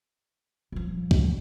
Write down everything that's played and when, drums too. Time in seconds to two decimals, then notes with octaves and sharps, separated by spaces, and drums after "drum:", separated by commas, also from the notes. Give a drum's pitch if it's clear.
0.72 D#1 F3
1.11 drum: kick